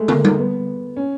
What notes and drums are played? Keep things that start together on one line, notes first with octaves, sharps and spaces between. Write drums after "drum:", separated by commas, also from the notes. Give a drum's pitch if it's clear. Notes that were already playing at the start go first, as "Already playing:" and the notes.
Already playing: G#3 A3
A#3, drum: tom
drum: tom G3
B3
C#4